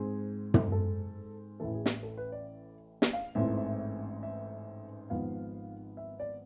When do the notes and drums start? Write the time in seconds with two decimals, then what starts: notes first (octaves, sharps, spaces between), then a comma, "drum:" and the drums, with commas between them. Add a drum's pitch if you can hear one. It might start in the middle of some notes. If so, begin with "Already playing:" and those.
Already playing: G#2 G#3 C4 G#4
0.54 drum: tom
0.72 A4
1.59 A1 A2 E3 A3 A4
1.75 G#4
1.86 drum: snare
2.03 A4
2.17 B4
2.32 D5
3.02 drum: snare
3.13 F5
3.35 A1 G#2 E3 A3 C4 E5
3.57 E5
4.23 E5
5.10 G#1 G#2 F3 B3 F5
5.97 E5
6.20 D5